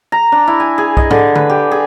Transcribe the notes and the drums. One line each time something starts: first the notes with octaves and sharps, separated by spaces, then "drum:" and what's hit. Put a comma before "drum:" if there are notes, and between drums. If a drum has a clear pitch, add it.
A#5
D4
E4
G#5
G#4
D#5, drum: kick
D3, drum: tom G#2
B4, drum: tom D3
G4
G#4